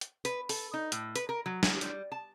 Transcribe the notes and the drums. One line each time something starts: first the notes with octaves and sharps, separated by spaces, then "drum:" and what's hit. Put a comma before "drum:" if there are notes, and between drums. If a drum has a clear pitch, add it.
drum: hi-hat
B4, drum: hi-hat
A4, drum: open hi-hat
D#4
A2, drum: hi-hat
B4, drum: hi-hat
A#4
F#3
G#5, drum: snare
G3, drum: hi-hat
A5